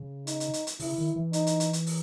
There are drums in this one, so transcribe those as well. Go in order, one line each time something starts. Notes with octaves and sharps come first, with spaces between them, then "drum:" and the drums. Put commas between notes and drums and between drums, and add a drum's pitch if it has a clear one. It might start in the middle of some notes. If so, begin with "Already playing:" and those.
Already playing: C#3
D#4, drum: hi-hat
drum: hi-hat
drum: hi-hat
drum: hi-hat
C#3 E4, drum: open hi-hat
D#3
E3
D#4, drum: hi-hat
drum: hi-hat
drum: hi-hat
drum: hi-hat
drum: open hi-hat